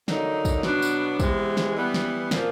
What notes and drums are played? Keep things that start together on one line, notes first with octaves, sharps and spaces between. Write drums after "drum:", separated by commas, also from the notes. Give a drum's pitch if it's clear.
D3 F#3 A#3 D#4, drum: snare
drum: kick, tambourine
B2 F#3 B3 D4, drum: snare
drum: tambourine
C3 E3 G#3 B3, drum: kick, tambourine
drum: snare
E3 G3 B3
drum: snare
A#2 F3 A#3, drum: snare